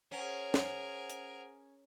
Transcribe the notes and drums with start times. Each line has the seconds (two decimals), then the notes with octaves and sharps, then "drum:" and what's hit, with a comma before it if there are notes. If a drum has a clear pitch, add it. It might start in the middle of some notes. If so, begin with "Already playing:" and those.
0.11 C#4 G#4 A#4 C5 F#5
0.54 drum: snare
1.10 drum: hi-hat